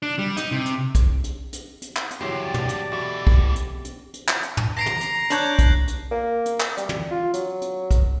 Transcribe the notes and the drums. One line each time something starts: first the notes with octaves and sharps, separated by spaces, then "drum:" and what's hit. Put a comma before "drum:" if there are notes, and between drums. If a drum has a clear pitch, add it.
D4
G3
D#4, drum: hi-hat
C3
drum: hi-hat
drum: kick, hi-hat
drum: hi-hat
drum: hi-hat
drum: hi-hat
drum: clap
drum: hi-hat
D2 G2 C#3 E3 F#3 G4 C6
D5
drum: tom
drum: hi-hat
D2 B2 E3 A3
drum: kick
drum: hi-hat
drum: hi-hat
drum: hi-hat
drum: clap
drum: hi-hat
drum: tom
A#5 A#6 C7 D7
drum: tom
drum: hi-hat
D4 C#5 F#6 G6 F#7, drum: hi-hat
drum: kick, hi-hat
drum: hi-hat
A#3
drum: hi-hat
drum: clap
G3, drum: hi-hat
drum: tom
F4
F#3, drum: hi-hat
drum: hi-hat
drum: kick, hi-hat